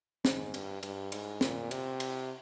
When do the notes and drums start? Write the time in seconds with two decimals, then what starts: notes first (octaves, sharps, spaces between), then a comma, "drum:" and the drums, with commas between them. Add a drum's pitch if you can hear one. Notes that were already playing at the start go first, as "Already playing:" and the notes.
0.25 G#2, drum: snare
0.54 G2, drum: cymbal
0.83 G2, drum: cymbal
1.12 G#2, drum: cymbal
1.41 A#2, drum: snare
1.71 C3, drum: cymbal
2.00 drum: cymbal